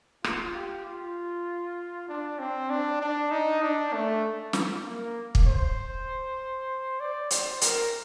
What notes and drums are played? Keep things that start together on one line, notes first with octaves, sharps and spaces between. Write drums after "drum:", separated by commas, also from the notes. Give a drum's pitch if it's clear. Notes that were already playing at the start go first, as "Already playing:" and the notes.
F4, drum: rim click
G4
F4
D4
C4
D4
D4
D#4
D4
A3
drum: snare
A#3
drum: kick
C5
D5
C5, drum: hi-hat
A#4, drum: hi-hat